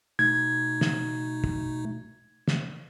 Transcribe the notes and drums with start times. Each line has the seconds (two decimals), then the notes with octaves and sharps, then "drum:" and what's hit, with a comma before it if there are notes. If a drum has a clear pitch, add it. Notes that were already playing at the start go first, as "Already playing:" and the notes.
0.19 B2 A3 D#4 G#6
0.81 drum: snare
1.44 drum: kick
2.48 drum: snare